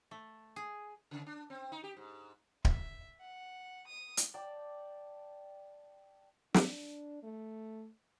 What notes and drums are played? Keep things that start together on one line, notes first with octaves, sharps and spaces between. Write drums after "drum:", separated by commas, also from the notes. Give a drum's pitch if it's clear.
A3
G#4
C#3
D4
C4
D#4
G4
G#2
E5, drum: kick D1
F#5
D#6
drum: hi-hat
D5 G5 A5
D4, drum: snare
A3